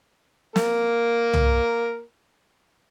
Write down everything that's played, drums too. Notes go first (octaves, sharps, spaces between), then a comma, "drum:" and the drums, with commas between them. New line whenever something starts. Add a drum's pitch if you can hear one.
A#3 A#4, drum: snare
drum: tom C2